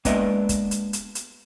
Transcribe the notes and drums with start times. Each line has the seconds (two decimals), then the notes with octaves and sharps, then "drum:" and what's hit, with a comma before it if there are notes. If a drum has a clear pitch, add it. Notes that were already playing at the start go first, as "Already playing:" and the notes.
0.05 G#3 A#3 B3 D4 D#5 E5, drum: kick, hi-hat
0.49 drum: kick, hi-hat
0.71 drum: hi-hat
0.93 drum: hi-hat
1.15 drum: hi-hat